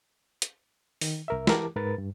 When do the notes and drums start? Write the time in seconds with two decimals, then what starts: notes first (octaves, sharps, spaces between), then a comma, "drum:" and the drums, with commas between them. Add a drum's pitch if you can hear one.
0.42 drum: hi-hat
1.01 D#3, drum: open hi-hat
1.28 C2 A#4 E5
1.47 E3 E4 G4 A#4 A5 D6, drum: snare
1.76 G#2 A#4 B4 A6
1.98 G2